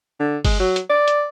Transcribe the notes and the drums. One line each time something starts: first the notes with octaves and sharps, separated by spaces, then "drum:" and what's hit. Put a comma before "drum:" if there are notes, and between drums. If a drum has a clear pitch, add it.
D3
G#3, drum: kick G1, open hi-hat
F#3
drum: hi-hat
D5
drum: hi-hat